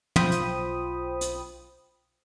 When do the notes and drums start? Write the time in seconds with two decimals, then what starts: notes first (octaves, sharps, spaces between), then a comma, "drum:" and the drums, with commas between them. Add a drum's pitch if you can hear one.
0.16 B1 F4 C5 G5 B5 D#6, drum: tom
0.32 drum: hi-hat
1.21 drum: hi-hat